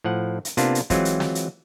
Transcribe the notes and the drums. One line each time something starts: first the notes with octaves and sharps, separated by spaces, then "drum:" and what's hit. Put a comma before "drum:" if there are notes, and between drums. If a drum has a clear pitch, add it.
A2 F3 F#5
drum: hi-hat
C3 A#3 B3 D4 F4, drum: hi-hat
drum: hi-hat
E3 F#3 G#3 C4 F4, drum: kick, hi-hat
drum: hi-hat
drum: snare
drum: hi-hat